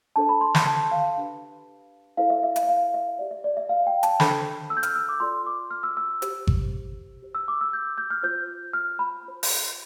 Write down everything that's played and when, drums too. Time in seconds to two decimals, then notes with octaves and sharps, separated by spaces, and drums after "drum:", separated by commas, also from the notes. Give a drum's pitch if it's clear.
0.16 D4 A4 C5 A5
0.29 B5
0.41 C6
0.55 B5, drum: snare
0.67 A5
0.91 F5
1.18 D4 G4 B4
2.17 E4 A4 C5 F5
2.30 E5
2.43 E5
2.56 F5, drum: hi-hat
2.63 E5
2.69 F5
2.94 E5
3.19 G4 D5
3.31 E5
3.44 D5
3.57 E5
3.69 F5
3.87 G5
4.03 A5, drum: hi-hat
4.20 D4 A4 C5 B5, drum: snare
4.70 E6
4.77 G6
4.83 F6, drum: hi-hat
4.95 E6
5.09 D6
5.20 F4 A4 D5 C6
5.46 D6
5.71 F6
5.83 E6
5.97 E6
6.22 G4 C5, drum: hi-hat
6.47 drum: kick G#1
7.22 G4 C5
7.35 E6
7.48 D6
7.61 E6
7.73 G6
7.98 G6
8.10 F6
8.23 F4 C5 G6
8.73 F6
8.99 B5
9.25 F4 C5
9.43 drum: open hi-hat